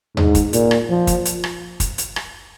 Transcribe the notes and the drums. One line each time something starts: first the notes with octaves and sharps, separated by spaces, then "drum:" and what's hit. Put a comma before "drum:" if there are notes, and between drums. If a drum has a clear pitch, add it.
G#2, drum: tom D#2
drum: kick, hi-hat
A#2, drum: hi-hat
drum: rim click
F3
drum: kick, hi-hat
drum: hi-hat
drum: rim click
drum: kick, hi-hat
drum: hi-hat
drum: rim click